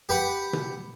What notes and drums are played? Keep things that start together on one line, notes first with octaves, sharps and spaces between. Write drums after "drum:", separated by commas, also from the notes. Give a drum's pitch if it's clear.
G4 B4 F#5
drum: tom B2